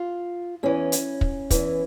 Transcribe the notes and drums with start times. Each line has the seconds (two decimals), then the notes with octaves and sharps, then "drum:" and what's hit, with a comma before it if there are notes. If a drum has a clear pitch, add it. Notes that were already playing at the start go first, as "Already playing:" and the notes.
Already playing: F4
0.63 E2 E3 C#4
0.92 drum: hi-hat
1.21 drum: kick
1.50 E2 E3, drum: kick, hi-hat